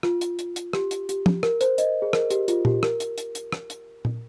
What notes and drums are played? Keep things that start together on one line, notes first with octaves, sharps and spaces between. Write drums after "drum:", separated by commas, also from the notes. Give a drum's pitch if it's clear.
F4, drum: rim click
drum: hi-hat
drum: hi-hat
drum: hi-hat
G4, drum: rim click
drum: hi-hat
G4, drum: hi-hat
drum: tom
A#4, drum: rim click
C5, drum: hi-hat
D#5, drum: hi-hat
G#4
A#4, drum: rim click
G4, drum: hi-hat
F4, drum: hi-hat
G4, drum: tom A#2
A#4, drum: rim click
drum: hi-hat
drum: hi-hat
drum: hi-hat
drum: rim click
drum: hi-hat
drum: tom A#2